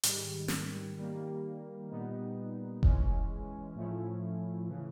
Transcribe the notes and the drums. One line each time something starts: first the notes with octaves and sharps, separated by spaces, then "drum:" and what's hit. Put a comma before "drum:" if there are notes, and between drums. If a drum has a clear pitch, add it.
G#2 D#3 G3, drum: hi-hat
drum: snare
D#3 G3 A#3
A#2 G3 B3 D#4
E3 G#3 C#4, drum: kick F1
A2 F3 A3 C#4 E4
C#3 E3